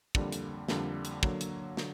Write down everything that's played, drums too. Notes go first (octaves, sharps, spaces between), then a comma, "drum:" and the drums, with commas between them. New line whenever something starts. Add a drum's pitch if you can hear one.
F2 D3 G3 A#3, drum: kick
drum: hi-hat
F2 D3 G3 A#3, drum: snare
drum: hi-hat
D3 F#3 A#3, drum: kick
drum: hi-hat
D3 F#3, drum: snare